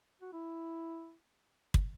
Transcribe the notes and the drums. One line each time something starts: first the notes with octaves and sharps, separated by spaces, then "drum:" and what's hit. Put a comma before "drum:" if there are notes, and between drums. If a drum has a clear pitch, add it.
F#4
E4
drum: kick